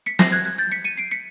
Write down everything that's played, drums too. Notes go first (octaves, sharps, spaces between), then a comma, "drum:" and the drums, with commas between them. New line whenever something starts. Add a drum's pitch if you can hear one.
B6 C#7
A#6 C7, drum: snare
F#6 G#6
F#6 G#6
G6 A6
B6 C#7
C#7 D#7
C7 D7
B6 C#7